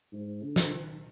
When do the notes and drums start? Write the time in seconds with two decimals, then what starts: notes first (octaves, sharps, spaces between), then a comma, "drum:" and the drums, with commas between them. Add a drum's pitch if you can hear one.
0.13 G#2
0.43 D3
0.56 drum: snare
0.74 D#3